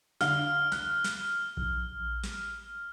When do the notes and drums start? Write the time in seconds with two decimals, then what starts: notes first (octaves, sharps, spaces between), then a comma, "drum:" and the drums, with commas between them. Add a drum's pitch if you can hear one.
0.21 D3 F5 F6, drum: snare
0.72 F#6, drum: snare
1.04 drum: snare
1.57 drum: kick A#1
2.24 drum: snare